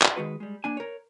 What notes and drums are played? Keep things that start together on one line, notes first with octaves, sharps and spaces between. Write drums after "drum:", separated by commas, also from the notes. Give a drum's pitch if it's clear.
D5, drum: clap
D#3 G#3 F#4 B4
G3 G#3
A#3 D4 G#5
A#4 C#5